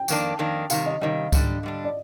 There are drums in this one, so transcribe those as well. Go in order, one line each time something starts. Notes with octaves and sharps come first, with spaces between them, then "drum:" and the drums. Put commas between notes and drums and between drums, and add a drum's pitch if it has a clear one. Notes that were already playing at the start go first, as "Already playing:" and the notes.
Already playing: G5
F2 D#3 A#3 D4, drum: tambourine
F2 D#3 A#3 D4
C3 D#3 G3 F5, drum: tambourine
D#5
C3 D#3 G3 D#5
D3 G3 D4, drum: kick C#2, tambourine
D3 G3 D4
D5